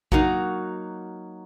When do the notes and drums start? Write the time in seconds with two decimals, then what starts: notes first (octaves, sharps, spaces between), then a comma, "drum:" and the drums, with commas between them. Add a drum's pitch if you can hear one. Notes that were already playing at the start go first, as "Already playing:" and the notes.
0.12 F#3 A#3 D#4 F#4, drum: kick A#1